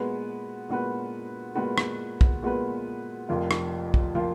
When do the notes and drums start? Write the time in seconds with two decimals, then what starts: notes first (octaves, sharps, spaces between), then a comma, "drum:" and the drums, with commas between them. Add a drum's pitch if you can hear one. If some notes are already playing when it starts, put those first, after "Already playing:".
Already playing: A#2 G#3 B3 F#4 B4
0.69 A#2 G#3 B3 F#4 B4
1.55 A#2 G#3 B3 F#4 B4
1.78 drum: rim click
2.21 drum: kick
2.42 A#2 G#3 B3 F#4 B4
3.29 F1 F2 F3 A#3 F4
3.51 drum: rim click
3.94 drum: kick
4.15 F3 A#3 F4